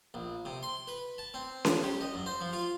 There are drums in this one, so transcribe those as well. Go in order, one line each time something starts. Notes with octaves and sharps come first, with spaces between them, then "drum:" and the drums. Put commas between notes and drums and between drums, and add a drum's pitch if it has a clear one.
A#1
C3
C6
B4
A5
C4
drum: snare C#4
G4
D#5
F#2
C5
F3
F4